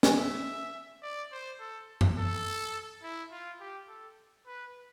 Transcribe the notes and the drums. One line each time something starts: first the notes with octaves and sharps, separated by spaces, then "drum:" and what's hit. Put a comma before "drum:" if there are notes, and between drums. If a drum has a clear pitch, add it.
drum: snare
E5
D5
C5
A4
drum: tom F#2
A4
E4
F4
G4
A4
B4